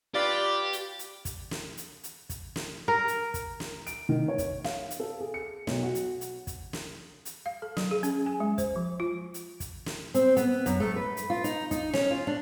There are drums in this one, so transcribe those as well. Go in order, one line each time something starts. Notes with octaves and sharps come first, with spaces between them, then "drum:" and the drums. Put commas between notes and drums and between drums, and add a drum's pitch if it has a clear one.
F4 G4 B4 D5
drum: hi-hat
drum: hi-hat
drum: kick, hi-hat
drum: snare
drum: hi-hat
drum: hi-hat
drum: kick, hi-hat
drum: snare
A#4
drum: hi-hat
drum: kick, hi-hat
drum: snare
D7, drum: hi-hat
D#3
C#5
drum: kick, hi-hat
F5, drum: snare
drum: hi-hat
A4
G#4
C#7
B1, drum: snare
F#4
drum: hi-hat
drum: hi-hat
drum: kick, hi-hat
drum: snare
drum: hi-hat
F5
A4
F#3, drum: snare
G#4
C#4, drum: hi-hat
G#5
G#3
C5, drum: kick, hi-hat
F3
F4
drum: hi-hat
drum: kick, hi-hat
drum: snare
C4, drum: hi-hat
B3, drum: hi-hat
F#2, drum: kick, hi-hat
A3
B4
drum: hi-hat
F4
D#4, drum: hi-hat
D#4, drum: kick, hi-hat
C#4, drum: snare
F4
D4